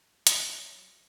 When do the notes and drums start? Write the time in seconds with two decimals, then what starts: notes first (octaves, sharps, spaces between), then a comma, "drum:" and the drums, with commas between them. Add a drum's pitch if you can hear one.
0.27 F#3, drum: hi-hat